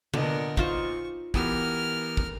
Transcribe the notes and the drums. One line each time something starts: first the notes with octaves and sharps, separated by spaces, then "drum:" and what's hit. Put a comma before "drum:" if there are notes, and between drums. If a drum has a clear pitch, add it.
A#2 D3 B3 A#4 D5 D#5, drum: tom C3
D#4 F4 C5 C#6, drum: kick
E3 B3 G4 A#4 F6, drum: kick
drum: kick